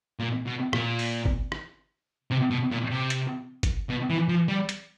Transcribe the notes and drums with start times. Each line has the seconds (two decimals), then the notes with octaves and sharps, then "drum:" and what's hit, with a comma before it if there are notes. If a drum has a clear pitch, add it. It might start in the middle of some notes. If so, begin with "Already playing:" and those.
0.20 A#2
0.46 B2
0.73 A#2, drum: rim click
0.99 drum: open hi-hat
1.25 drum: kick G1
1.52 drum: rim click
2.31 C3
2.51 B2
2.71 A#2
2.90 C3
3.10 drum: hi-hat
3.63 drum: kick G1, hi-hat
3.90 B2
4.10 E3
4.29 F3
4.48 G3
4.69 drum: hi-hat